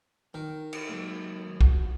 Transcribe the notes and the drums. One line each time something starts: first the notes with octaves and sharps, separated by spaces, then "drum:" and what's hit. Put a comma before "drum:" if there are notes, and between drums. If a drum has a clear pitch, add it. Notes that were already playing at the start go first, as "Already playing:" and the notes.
D#3 A#4
drum: cymbal
F#3 G#3 A#3
F4 F#4, drum: kick